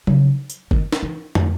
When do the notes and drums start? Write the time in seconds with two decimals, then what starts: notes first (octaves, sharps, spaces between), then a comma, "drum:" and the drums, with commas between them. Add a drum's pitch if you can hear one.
0.07 C#3, drum: tom F#3
0.50 drum: tambourine
0.71 D#3, drum: kick G1
0.92 drum: snare
1.03 E3
1.35 drum: tom